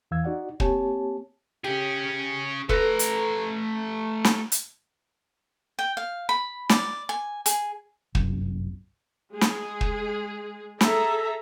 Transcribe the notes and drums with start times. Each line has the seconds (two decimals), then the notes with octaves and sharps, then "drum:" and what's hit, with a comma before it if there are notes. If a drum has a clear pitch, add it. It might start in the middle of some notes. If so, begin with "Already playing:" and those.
0.11 E2 E3 F5 E6 G#6
0.24 D#4 F#4 D5 F#5
0.60 A#3 C4 G4 C#5 G#5 A5, drum: kick
1.64 C#4 G4 G#4
2.69 A3 A4 B4 A#5, drum: kick
2.99 drum: hi-hat
4.25 drum: snare
4.52 drum: hi-hat
5.79 G5
5.97 F5
6.29 B5
6.69 D5, drum: snare
7.09 G#5
7.46 G#4, drum: hi-hat
8.15 G1 C2 F#2, drum: kick
9.32 G#3 G#4
9.41 drum: snare
9.81 drum: kick
10.81 G#4 A4 E5 A#5, drum: snare